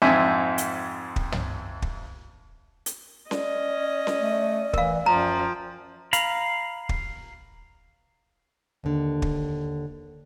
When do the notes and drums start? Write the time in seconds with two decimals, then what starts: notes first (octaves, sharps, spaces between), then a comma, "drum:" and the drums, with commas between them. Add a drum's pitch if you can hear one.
0.02 F2 G#2 C4 E5 G#5
0.58 drum: hi-hat
1.16 drum: kick
1.32 drum: tom
1.82 drum: kick
2.86 drum: hi-hat
3.31 C#4 D5 D#5, drum: snare C#4
4.07 drum: snare C#4
4.21 A3
4.73 E3 A#4 F5, drum: kick
5.06 F#2 F3 G5 A#5
6.13 F5 A#5 B5, drum: hi-hat
6.89 drum: kick
8.84 D#2 D3
9.22 drum: kick